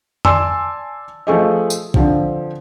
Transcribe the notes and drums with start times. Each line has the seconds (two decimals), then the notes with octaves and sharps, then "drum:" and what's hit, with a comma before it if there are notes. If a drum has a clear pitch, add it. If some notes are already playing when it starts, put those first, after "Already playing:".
0.25 D5 G#5 A5 C6 D6 E6, drum: tom F2
1.27 F3 A3 G#4 D#5
1.70 drum: tambourine
1.94 D3 F3 C4, drum: kick